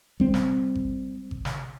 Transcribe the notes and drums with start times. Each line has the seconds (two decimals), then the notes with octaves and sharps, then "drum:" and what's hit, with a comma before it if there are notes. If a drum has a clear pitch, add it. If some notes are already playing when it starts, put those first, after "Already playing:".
0.20 G3 C4, drum: kick G#1
0.34 drum: snare
0.75 drum: kick G#1
1.31 drum: kick G#1
1.45 drum: snare